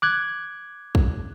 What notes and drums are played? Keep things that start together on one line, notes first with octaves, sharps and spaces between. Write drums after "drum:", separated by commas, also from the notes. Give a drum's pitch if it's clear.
D6 F#6 G#6
drum: kick